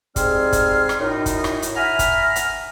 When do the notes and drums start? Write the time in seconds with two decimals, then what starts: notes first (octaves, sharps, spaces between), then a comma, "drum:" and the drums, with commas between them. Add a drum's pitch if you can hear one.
0.16 G#2 G3 C4 G#4 C6 F6, drum: kick, hi-hat
0.52 drum: kick, hi-hat
0.89 drum: rim click
0.98 F#2 A2 D#4
1.26 drum: kick, hi-hat
1.44 drum: rim click
1.62 drum: hi-hat
1.76 E5 F#5 G#5 A#5 B5 F6
1.99 drum: kick, hi-hat
2.36 drum: hi-hat